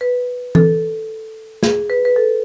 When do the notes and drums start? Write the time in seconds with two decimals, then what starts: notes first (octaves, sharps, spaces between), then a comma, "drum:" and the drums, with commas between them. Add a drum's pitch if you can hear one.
0.01 B4
0.55 A4, drum: tom E3
1.63 G#4, drum: snare
1.90 B4
2.05 B4
2.16 A4